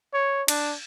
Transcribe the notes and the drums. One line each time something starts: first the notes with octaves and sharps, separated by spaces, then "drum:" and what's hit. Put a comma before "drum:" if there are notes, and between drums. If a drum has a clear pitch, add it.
C#5
D4, drum: cymbal